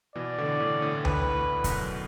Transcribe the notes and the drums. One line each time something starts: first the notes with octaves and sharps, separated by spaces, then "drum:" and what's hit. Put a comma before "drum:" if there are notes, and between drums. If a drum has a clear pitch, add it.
B2 E3 D5
A2 D3
A2 D3
A2 D3
A2 B4, drum: tom D2
A2
F#2 B2, drum: kick C#1, hi-hat